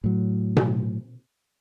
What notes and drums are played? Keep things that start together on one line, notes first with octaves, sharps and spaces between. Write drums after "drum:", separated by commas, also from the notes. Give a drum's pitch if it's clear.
A2 F#3
drum: tom B2